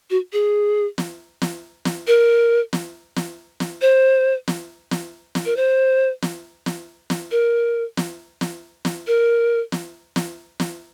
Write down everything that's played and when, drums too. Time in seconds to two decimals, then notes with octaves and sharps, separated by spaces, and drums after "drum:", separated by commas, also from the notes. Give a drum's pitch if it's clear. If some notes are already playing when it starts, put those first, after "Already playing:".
0.10 F#4
0.33 G#4
0.98 drum: snare
1.42 drum: snare
1.85 drum: snare
2.07 A#4
2.73 drum: snare
3.16 drum: snare
3.60 drum: snare
3.82 C5
4.48 drum: snare
4.91 drum: snare
5.35 drum: snare
5.45 A#4
5.57 C5
6.22 drum: snare
6.66 drum: snare
7.10 drum: snare
7.31 A#4
7.97 drum: snare
8.41 drum: snare
8.85 drum: snare
9.07 A#4
9.72 drum: snare
10.16 drum: snare
10.60 drum: snare